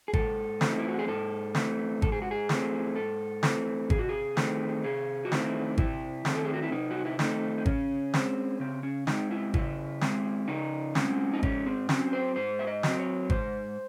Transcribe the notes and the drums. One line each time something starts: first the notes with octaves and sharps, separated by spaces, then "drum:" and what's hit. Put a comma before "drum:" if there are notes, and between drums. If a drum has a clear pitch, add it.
G#4
G#2 A4, drum: kick G#1
E3 A3 C4, drum: snare
D#4
E4
F#4
G#4
G#2 A4
E3 A3 C4, drum: snare
G#2 A4, drum: kick G#1
G#4
F#4
G#4
E3 A3 C4, drum: snare
G#2 A4
E3 A3 C4, drum: snare
C3 G#4, drum: kick G#1
F#4
G#4
D#3 A3 C4, drum: snare
C3 G#4
F#4
D#3 A3 C4 E4, drum: snare
C3 E4, drum: kick G#1
D#3 A3 C4, drum: snare
A4
G#4
F#4
E4
C3 D#4
F#4
E4
D#3 A3 C4 D#4, drum: snare
D#4
C#3 C#4, drum: kick G#1
G#3 C4, drum: snare
C#3 C4
C#4
G#3 C4 D#4, drum: snare
E4
C#3 E4, drum: kick G#1
G#3 C4, drum: snare
C#3 D#4
G#3 C4 C#4, drum: snare
D#4
G#2 C#4, drum: kick G#1
C4
F#3 C4 C#4, drum: snare
C5
G#2 C5
E5
D#5
F#3 C4, drum: snare
C#5
G#2 C5, drum: kick G#1